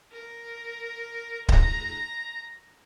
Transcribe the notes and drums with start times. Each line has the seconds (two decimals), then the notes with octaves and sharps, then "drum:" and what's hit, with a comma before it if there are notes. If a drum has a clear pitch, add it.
0.12 A#4
1.49 A#5, drum: kick D1